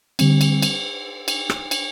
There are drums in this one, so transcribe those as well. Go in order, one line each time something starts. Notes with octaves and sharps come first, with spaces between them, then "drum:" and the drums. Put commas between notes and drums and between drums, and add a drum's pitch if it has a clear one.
D3 G3 C4, drum: cymbal
drum: cymbal
drum: cymbal
drum: cymbal
drum: rim click
drum: cymbal